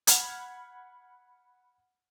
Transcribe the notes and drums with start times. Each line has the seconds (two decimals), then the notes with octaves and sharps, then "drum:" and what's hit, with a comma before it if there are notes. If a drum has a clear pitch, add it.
0.07 F#5 B5 F6 G#6, drum: hi-hat